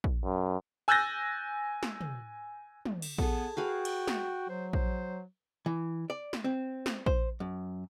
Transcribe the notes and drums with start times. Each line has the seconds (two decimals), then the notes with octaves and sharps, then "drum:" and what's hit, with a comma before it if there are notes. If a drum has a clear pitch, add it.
0.04 drum: kick A#1
0.25 F#2
0.88 G#5 E6 F#6 G6 A6 A#6
1.83 drum: snare
2.01 drum: tom
2.86 drum: tom
3.02 drum: cymbal
3.18 B3 G#4 A4, drum: kick A#1
3.57 F#4 G#4 B4 F5 G5
3.85 drum: cymbal
4.08 drum: snare
4.49 F#3 C5
4.73 C5, drum: kick A#1
5.66 E3
6.10 D5
6.33 drum: snare
6.44 C4
6.86 drum: snare
7.06 C5, drum: kick A#1
7.40 F#2